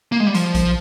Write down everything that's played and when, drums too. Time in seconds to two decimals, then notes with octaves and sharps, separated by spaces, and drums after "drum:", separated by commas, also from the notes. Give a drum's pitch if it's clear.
0.12 A#3
0.20 G#3
0.27 G3
0.34 F3, drum: hi-hat
0.55 drum: kick A#1, hi-hat